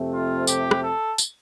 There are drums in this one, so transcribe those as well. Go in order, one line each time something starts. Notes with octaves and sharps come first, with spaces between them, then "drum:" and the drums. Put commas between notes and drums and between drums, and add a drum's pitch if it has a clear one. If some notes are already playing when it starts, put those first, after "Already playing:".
Already playing: F2 C3 A3 C4
F4
G4, drum: tambourine
drum: rim click
A4
drum: tambourine